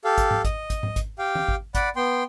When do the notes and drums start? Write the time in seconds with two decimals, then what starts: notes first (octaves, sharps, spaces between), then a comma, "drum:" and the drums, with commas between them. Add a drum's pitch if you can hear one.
0.05 G4 A4 F5
0.18 drum: kick G#1, hi-hat
0.31 drum: tom G#2
0.45 D#5, drum: kick G#1, hi-hat
0.70 drum: kick G#1, hi-hat
0.83 drum: tom G#2
0.96 drum: kick G#1, hi-hat
1.18 G4 F5 G5
1.35 drum: tom E3
1.48 drum: kick G#1
1.75 D5 F#5 B5, drum: kick G#1, hi-hat
1.96 B3 G5 C6